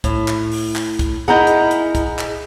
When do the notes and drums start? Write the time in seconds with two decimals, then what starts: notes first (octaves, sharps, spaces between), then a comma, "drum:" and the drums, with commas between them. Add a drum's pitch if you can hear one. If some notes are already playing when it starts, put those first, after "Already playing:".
0.04 A2, drum: kick, hi-hat
0.28 drum: clap
0.52 drum: open hi-hat
0.76 drum: clap
0.99 drum: kick, hi-hat
1.28 D#4 E4 G#4 A#4 F#5 A#5 G6
1.47 drum: hi-hat
1.71 drum: hi-hat
1.95 drum: kick, hi-hat
2.19 drum: clap